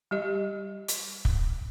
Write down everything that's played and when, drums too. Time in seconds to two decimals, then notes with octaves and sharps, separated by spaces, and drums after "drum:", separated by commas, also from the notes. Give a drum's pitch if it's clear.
0.11 G3 G4 D#5
0.88 drum: hi-hat
1.25 drum: kick